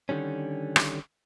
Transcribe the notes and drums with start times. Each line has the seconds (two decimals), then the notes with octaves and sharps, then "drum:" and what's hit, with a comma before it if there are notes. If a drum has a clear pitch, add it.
0.09 D3 D#3 G3 C#4
0.76 drum: rim click